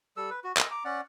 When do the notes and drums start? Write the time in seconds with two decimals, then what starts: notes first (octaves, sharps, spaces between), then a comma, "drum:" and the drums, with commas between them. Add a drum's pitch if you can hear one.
0.17 G3 A4 E6
0.30 B4
0.44 F#4
0.57 A#4 D#5 E6, drum: clap
0.71 A#5 D6
0.85 C#4 D5 F#5